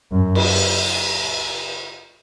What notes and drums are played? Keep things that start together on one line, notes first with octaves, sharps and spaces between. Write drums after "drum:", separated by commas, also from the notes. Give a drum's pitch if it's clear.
F#2
drum: cymbal